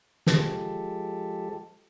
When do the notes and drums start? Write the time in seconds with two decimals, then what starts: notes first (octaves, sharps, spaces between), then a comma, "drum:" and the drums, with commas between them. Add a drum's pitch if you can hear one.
0.27 F3 G#3 G4 A4, drum: snare